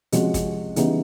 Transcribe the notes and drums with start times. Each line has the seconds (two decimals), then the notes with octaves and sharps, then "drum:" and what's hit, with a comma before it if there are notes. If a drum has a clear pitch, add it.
0.12 C3 F3 G#3 C#4 F#4, drum: hi-hat
0.34 drum: kick, hi-hat
0.76 C#3 E3 G3 B3 D#4, drum: hi-hat